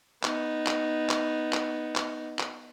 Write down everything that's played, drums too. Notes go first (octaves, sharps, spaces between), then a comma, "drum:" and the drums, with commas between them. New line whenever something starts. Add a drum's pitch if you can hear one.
B3 D#4, drum: clap
drum: clap
drum: clap
drum: clap
drum: clap
drum: clap